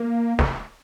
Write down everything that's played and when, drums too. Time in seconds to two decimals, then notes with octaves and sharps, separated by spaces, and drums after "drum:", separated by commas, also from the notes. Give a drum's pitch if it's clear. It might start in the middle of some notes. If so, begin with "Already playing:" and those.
Already playing: A#3
0.39 drum: snare